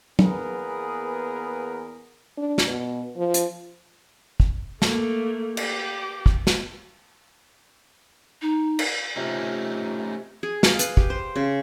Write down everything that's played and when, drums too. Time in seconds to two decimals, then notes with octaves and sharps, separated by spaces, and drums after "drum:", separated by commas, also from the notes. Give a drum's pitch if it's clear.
0.19 E2 A#3 B3 G#4 A#4 B4, drum: tom
2.38 D4
2.58 drum: snare
2.67 B2
3.17 F3
3.34 drum: hi-hat
4.40 drum: kick
4.82 A3 A#3, drum: snare
5.57 G4, drum: cymbal
6.26 drum: kick
6.47 drum: snare
8.42 D#4
8.79 drum: cymbal
9.16 C3 A3 C#4 D#4 F4
10.43 G#4
10.63 F5, drum: snare
10.79 B4, drum: hi-hat
10.97 G4, drum: kick
11.10 C5
11.36 C#3